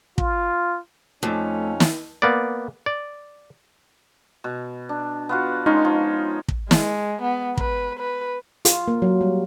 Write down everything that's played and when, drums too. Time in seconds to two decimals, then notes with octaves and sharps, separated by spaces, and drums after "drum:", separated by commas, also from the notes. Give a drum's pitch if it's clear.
0.18 F4, drum: kick
1.23 F2 A3 C#4 D#4 D5
1.80 drum: snare
2.22 A#3 B3 D5
2.86 D5
4.44 B2
4.89 D4
5.29 B3 F4 F#4
5.66 G#3 C#4 D#4 F4
5.85 F3
6.48 drum: kick
6.71 G#3, drum: snare
7.22 B3
7.57 B4, drum: kick
7.99 B4
8.65 F4, drum: hi-hat
8.88 A#3
9.02 F#3
9.21 G3